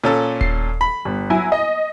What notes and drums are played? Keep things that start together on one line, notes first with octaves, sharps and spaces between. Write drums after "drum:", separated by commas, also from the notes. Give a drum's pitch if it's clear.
A#2 C#4 A4
C7, drum: kick D#1
B5
G1
F#3 E4 G#5
D#5